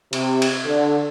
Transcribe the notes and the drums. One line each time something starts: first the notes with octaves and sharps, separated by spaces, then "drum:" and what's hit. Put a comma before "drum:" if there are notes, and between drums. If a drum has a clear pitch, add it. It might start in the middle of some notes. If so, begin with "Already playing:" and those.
C3, drum: cymbal
drum: cymbal
D3